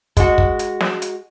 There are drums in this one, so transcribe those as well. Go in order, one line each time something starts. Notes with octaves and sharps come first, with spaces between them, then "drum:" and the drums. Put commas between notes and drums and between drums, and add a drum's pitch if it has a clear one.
G#3 F#4, drum: kick, hi-hat
drum: kick
drum: hi-hat
drum: snare
drum: hi-hat